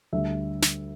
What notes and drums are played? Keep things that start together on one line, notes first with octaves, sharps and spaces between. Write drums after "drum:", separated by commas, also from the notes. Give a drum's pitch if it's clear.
D2 D3 G3 E5
drum: snare